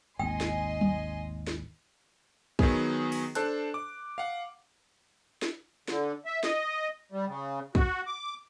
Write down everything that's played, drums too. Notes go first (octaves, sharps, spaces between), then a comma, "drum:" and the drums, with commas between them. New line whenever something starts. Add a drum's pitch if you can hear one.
G#1 D#2 D#5 G5 G#5 C6
drum: snare
drum: tom F#3
drum: snare
D#3 F#3 B3 G#4, drum: kick
drum: open hi-hat
D4 A4 C5 A5 F#6, drum: hi-hat
D6
F5 F#5
drum: snare
D3, drum: snare
E5
D#5, drum: snare
G3
C#3
F#4, drum: kick
D6